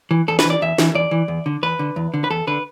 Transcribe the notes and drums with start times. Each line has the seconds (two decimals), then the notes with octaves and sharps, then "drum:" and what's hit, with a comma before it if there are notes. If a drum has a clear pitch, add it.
0.11 E3
0.28 E2 A4
0.39 B4, drum: snare
0.45 E3
0.50 D5
0.62 E2 E5
0.78 E3, drum: snare
0.95 E2 D5
1.11 E3
1.28 E2
1.46 D3
1.63 E2 B4
1.79 D3
1.96 E2
2.14 D3
2.24 B4
2.30 E2 A4
2.47 D3 B4